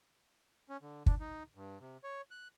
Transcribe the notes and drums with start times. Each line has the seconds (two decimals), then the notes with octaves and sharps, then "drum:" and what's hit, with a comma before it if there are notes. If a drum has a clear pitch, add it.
0.70 C#4
0.82 D3
1.06 D4, drum: kick
1.20 D#4
1.55 G2
1.81 C3
2.04 C#5
2.31 F#6